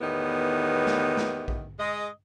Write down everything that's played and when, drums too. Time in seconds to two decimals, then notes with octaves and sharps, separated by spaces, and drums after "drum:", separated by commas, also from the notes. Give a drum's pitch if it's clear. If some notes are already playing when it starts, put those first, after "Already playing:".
0.01 E2 A2 D#3 B3 G4
0.87 drum: snare
1.17 drum: snare
1.48 drum: kick A#1
1.79 G#3 D#5